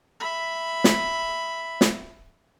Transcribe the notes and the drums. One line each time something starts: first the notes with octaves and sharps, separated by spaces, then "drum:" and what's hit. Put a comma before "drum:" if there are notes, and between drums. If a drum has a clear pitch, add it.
E5 B5
drum: snare
drum: snare